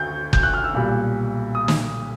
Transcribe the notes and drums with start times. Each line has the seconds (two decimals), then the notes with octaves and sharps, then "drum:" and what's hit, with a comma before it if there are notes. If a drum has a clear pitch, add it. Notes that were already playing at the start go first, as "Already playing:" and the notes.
Already playing: D2 G6
0.33 G6, drum: kick F#1
0.43 F#6
0.54 F6
0.64 E6
0.74 B1 A#2 G3
1.55 D#6
1.68 drum: snare